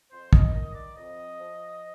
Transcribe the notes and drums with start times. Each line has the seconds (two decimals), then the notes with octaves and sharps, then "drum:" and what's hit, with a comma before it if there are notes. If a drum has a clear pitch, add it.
0.11 F2 C5
0.33 D#5, drum: kick
0.53 D#3 D#5
0.75 D5
0.96 F2 D#5
1.39 F3